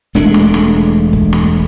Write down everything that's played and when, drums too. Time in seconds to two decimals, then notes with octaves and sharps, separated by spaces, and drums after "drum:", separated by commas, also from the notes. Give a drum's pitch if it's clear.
0.15 E1 G#3 A3 D4
0.34 drum: snare
0.54 drum: snare
1.13 drum: kick
1.33 drum: snare